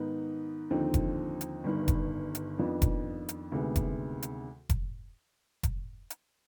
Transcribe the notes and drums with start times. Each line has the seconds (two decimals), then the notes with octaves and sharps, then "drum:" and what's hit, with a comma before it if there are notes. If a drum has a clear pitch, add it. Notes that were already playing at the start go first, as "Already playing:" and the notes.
Already playing: G#2 D#3 B3 D#4
0.70 D#2 D3 F3 C4 D#4
0.94 drum: kick F1, hi-hat
1.41 drum: hi-hat
1.64 G1 G2 D#3
1.88 drum: kick F1, hi-hat
2.35 drum: hi-hat
2.58 F2 D#3 B3 D4 F4
2.82 drum: kick F1, hi-hat
3.29 drum: hi-hat
3.52 D2 C3 D#3 G#3 B3
3.76 drum: kick F1, hi-hat
4.23 drum: hi-hat
4.69 drum: kick F1, hi-hat
5.63 drum: kick F1, hi-hat
6.10 drum: hi-hat